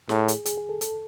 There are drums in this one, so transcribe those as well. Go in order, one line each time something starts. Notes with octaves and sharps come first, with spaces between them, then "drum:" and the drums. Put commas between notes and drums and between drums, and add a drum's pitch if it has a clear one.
A2 G#4, drum: snare
G#4, drum: hi-hat
G#4, drum: hi-hat
G#4
A4
A4, drum: hi-hat